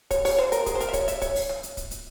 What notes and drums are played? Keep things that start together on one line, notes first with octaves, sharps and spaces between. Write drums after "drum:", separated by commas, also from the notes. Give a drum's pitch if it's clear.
C#5, drum: kick, hi-hat
C#5, drum: open hi-hat
C5, drum: rim click
A#4, drum: hi-hat
G#4, drum: kick, hi-hat
C5
A#4, drum: hi-hat
E5
C#5, drum: kick, hi-hat
E5, drum: hi-hat
C#5, drum: kick, hi-hat
drum: open hi-hat
drum: rim click
drum: hi-hat
drum: kick, hi-hat
drum: hi-hat